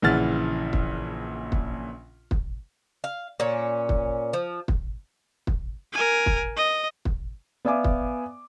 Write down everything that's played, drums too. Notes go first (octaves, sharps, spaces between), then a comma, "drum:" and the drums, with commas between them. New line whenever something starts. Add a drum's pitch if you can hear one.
A#1 C#3 E3 F#5 F6 A6
drum: kick
drum: kick
drum: kick
F5
A#2 C#4
drum: kick
F3
drum: kick
drum: kick
A#4 G#5
drum: kick
D#5
drum: kick
B3 D5 E5 F5 G#5 D6
drum: kick